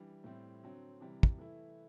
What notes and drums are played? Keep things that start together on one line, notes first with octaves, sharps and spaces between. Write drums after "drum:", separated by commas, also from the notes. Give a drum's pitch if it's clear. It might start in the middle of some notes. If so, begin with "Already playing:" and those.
Already playing: E3 G3 D4
A2 G3 C4 E4
D3 F#3 C4
C3 E3 G3
drum: kick
E3 A3 E4